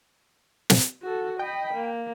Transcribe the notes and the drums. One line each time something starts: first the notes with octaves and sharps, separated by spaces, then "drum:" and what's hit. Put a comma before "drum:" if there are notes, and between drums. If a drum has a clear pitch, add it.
drum: snare
F#4 A4
D#5 G5 B5
A#3